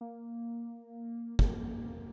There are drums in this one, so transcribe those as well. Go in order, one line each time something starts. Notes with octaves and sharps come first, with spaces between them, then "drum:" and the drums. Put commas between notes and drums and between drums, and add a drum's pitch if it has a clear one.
A#3
A#3, drum: kick